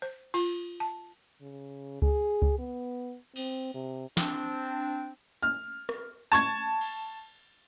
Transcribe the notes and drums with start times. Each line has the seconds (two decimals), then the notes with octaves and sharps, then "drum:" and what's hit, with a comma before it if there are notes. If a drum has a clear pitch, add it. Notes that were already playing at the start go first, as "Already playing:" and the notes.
0.02 C5
0.34 F4, drum: cymbal
0.80 A5
1.41 C#3
2.02 G#4, drum: kick C#2
2.42 drum: kick C#2
2.59 B3
3.36 C4, drum: cymbal
3.74 C3
4.17 C4 D4, drum: snare
5.43 F6
5.89 drum: rim click
6.32 A5 C#6 G#6
6.81 drum: cymbal